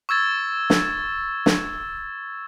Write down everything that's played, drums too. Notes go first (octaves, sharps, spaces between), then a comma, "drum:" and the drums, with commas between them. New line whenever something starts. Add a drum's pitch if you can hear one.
C#6 E6 G#6 A6
drum: snare
drum: snare